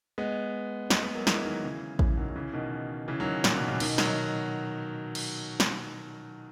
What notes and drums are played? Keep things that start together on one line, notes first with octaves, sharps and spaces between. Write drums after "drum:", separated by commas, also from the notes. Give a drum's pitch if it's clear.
G#3 B3
G#3 B3, drum: snare
G#3 B3
F#3 A#3
E3 G#3, drum: snare
D#3 F#3
C#3 E3
C#3 E3, drum: kick A1
D#3 F#3
F#3
C#3 E3
B2 D#3
C#3 E3
D#3 F#3
A#2, drum: snare
B2
A#2 C#3
B2 D#3, drum: cymbal
D#3 F#3, drum: snare
drum: cymbal
drum: snare